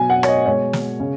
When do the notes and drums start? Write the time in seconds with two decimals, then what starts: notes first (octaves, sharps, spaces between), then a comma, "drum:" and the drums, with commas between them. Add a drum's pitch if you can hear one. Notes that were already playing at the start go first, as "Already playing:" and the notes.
Already playing: B2 F#3 G#5
0.10 F#5
0.23 C#5, drum: rim click
0.28 D#5
0.46 B2 G#3 C#5
0.73 drum: snare
1.00 C#3